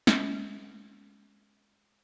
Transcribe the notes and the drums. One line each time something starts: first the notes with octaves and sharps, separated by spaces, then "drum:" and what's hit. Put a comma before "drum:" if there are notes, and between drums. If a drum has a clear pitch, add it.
G#3 C#4, drum: snare